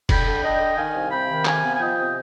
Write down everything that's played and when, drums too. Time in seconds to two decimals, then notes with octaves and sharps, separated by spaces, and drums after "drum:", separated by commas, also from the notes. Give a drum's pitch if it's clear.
0.09 D3 G5 B5, drum: kick F1, cymbal
0.26 D3
0.43 D4 D#5 G5
0.60 D3
0.77 D#3 F5 G#5
0.94 C2
1.11 C3 G5 B5
1.29 D#3
1.45 C3 F5 G#5, drum: clap
1.63 B3
1.74 G#5
1.80 F3 D#5 G5
1.97 C3